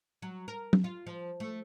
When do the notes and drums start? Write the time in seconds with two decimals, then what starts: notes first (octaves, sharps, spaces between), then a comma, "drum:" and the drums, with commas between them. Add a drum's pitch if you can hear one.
0.22 F#3
0.48 A#4
0.73 drum: tom
0.84 F4
1.07 F3
1.40 A3